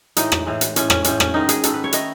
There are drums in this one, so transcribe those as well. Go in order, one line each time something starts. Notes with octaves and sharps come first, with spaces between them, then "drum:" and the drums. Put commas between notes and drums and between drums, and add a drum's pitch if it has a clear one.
A2 E3 G#3 D#4, drum: hi-hat
drum: rim click
A2 E3 G#3
drum: hi-hat
A2 G#3 C#4, drum: hi-hat
C#4, drum: rim click
A2 G#3 C#4, drum: hi-hat
C#4, drum: rim click
G#2 D#3 G#3 D#4
G#4, drum: hi-hat
G#2 D#3 G#3 A4, drum: hi-hat
B4
C#5
D#3 A3 D#5, drum: hi-hat